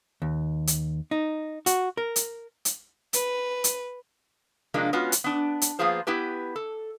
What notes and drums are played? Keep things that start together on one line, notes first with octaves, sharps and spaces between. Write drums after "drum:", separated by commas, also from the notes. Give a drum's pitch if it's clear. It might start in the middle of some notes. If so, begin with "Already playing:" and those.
D#2
drum: hi-hat
D#4
F#4, drum: hi-hat
A#4
drum: hi-hat
drum: hi-hat
B4, drum: hi-hat
drum: hi-hat
C3 F3 G#3 A#3 D4 F4
G#3 B3 C#4 F4 F#4
drum: hi-hat
B3 D4
drum: hi-hat
F3 A#3 B3 F4 G#4 C5
B3 E4 G4 B4
A4